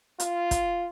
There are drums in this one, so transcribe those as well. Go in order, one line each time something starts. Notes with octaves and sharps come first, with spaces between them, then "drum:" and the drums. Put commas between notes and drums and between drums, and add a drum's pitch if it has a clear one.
F4, drum: hi-hat
drum: kick, hi-hat